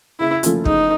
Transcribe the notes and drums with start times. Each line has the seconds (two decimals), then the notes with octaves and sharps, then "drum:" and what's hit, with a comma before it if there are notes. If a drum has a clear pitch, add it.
0.20 C#3 E4
0.43 F3 A3 C#4 F4, drum: hi-hat
0.65 C#3 D#4, drum: kick